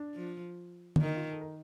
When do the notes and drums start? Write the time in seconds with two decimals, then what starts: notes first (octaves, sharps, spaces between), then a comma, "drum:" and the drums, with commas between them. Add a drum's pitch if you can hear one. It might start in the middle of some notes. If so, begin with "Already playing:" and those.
Already playing: D4
0.15 F3
0.96 D4, drum: tom D3
1.01 D#3 D#4
1.16 F4
1.31 A4
1.41 A#4